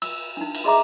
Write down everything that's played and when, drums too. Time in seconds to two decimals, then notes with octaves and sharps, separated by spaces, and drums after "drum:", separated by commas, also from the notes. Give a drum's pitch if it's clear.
0.02 E6, drum: cymbal
0.37 D4 D#4
0.55 drum: cymbal
0.64 F#4 G#4 D#5 E5 A#5 D6